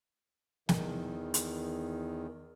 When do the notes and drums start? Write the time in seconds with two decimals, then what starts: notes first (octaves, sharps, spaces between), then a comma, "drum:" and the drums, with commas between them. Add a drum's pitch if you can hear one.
0.69 E2 D#3, drum: snare
1.34 drum: hi-hat